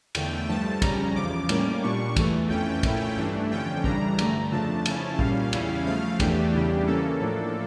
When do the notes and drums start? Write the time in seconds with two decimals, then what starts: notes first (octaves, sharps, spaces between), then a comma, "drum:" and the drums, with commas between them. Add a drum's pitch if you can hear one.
0.15 E2 D3 A3 G5, drum: cymbal
0.48 G2 F3 A3 A5
0.82 F2 C#3 G3 C#4 A#5, drum: kick, cymbal
1.16 E2 C#3 F3 D6
1.49 A2 G3 A#3 C#4, drum: cymbal
1.83 A#2 G3 D4 C#6
2.16 E2 E3 A3, drum: kick, cymbal
2.49 F2 E3 A3 C#4 G5
2.83 A#2 A3 C#4 E4, drum: kick, cymbal
3.17 G2 E3 A3 D4
3.50 F2 D3 F3 C#4 G5
3.84 F2 C#3 E3 G3 D4 A#5, drum: kick
4.19 G2 D3 A3, drum: cymbal
4.51 F2 C#3 F3 A3 D4 A5
4.86 C#3 F3 C#4 E4, drum: cymbal
5.19 A#2 G3 C#4 F5, drum: kick
5.53 E2 C#3 G3 C#4 E4, drum: cymbal
5.86 C#3 F3 A3 F5
6.20 E2 E3 A3 D4 G4, drum: kick, cymbal
6.54 E2 C#3 E3 G3 D4
6.87 C#3 E3 A#3 C#4 A4
7.20 A2 F3 A#3 D4